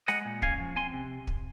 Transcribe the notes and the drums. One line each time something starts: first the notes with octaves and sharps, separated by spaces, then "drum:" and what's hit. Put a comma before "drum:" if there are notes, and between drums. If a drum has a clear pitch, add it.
G#3 D#5 F#5, drum: rim click
A#2
C#4 F5 G#5, drum: kick
F3
C4 G#5 C6
C3
drum: kick